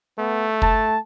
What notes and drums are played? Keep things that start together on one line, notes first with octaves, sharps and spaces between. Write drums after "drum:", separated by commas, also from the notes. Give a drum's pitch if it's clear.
A3 B3
A5, drum: kick